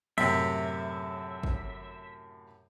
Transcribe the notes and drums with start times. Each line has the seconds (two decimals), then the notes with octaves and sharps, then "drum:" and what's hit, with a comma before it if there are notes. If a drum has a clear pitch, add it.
0.18 F#2 A2 C3 E5, drum: cymbal
1.43 drum: kick